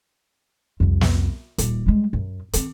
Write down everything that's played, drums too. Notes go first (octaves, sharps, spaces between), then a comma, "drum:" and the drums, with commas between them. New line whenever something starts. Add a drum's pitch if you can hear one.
C2 F2
drum: snare
D#1, drum: hi-hat
G3 G#3
F#2
D#3 C4, drum: hi-hat